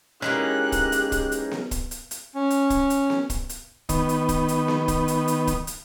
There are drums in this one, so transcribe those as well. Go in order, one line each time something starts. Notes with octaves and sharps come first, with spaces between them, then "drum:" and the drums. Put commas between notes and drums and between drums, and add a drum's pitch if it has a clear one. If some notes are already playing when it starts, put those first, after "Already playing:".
E3 G#3 A#3 C#4 D#4 G4 G#4 F#6
drum: kick, hi-hat
drum: hi-hat
drum: kick, hi-hat
drum: hi-hat
drum: snare B3
drum: kick, hi-hat
drum: hi-hat
drum: hi-hat
C#4
drum: hi-hat
drum: kick, hi-hat
drum: hi-hat
drum: snare B3
drum: kick, hi-hat
drum: hi-hat
D#3 B3, drum: kick, hi-hat
drum: hi-hat
drum: kick, hi-hat
drum: hi-hat
drum: snare B3
drum: kick, hi-hat
drum: hi-hat
drum: hi-hat
drum: kick, hi-hat
drum: hi-hat